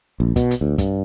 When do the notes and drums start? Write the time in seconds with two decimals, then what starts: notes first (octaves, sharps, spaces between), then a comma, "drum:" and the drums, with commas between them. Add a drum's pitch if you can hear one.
0.20 A#1
0.36 B2, drum: kick, hi-hat
0.51 drum: hi-hat
0.61 D2
0.78 G2, drum: kick, hi-hat